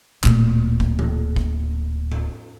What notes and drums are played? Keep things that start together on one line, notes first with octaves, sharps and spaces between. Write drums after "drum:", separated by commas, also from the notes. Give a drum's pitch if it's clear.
D1 A#2, drum: clap
drum: kick
drum: tom E3
drum: kick
drum: tom A2